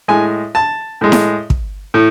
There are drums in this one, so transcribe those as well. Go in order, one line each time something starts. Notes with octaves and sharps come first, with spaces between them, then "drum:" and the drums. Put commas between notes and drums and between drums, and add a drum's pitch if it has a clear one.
A2 G#3 G#5
A5
A2 G#3
drum: snare E4
drum: kick
A2